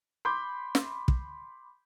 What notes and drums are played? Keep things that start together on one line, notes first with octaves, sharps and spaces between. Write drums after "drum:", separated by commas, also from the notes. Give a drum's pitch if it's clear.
B5 C6 D6 G6
drum: snare
drum: kick